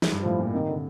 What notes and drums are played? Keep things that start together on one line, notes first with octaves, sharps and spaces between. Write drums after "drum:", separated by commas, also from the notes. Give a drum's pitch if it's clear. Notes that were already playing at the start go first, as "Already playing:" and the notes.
drum: snare
G2
A2 F3
A#2
C3 D#3
D3